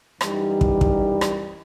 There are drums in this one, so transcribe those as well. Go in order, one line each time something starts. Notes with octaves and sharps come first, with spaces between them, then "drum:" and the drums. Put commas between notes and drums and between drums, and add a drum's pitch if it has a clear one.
F#2 E3 G3 D#4, drum: rim click
drum: kick
drum: kick
drum: rim click